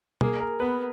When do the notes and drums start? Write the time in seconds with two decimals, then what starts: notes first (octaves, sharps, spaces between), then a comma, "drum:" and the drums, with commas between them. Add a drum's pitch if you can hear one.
0.21 A#3 G#4, drum: tom
0.40 A#4
0.60 B3 B4